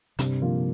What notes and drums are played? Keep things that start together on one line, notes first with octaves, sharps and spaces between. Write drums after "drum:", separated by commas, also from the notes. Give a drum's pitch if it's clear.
G2 C3, drum: hi-hat
D3 F3 A#3 F4